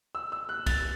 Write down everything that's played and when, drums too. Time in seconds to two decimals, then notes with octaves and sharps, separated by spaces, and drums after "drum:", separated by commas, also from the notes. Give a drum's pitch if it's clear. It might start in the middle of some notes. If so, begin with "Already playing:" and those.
0.15 E6
0.32 E6
0.49 F#6
0.66 A6, drum: kick, cymbal